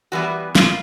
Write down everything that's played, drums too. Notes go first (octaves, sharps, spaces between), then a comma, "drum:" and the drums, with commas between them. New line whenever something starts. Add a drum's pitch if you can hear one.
E3 G3 B3 F#4
F2 F4, drum: snare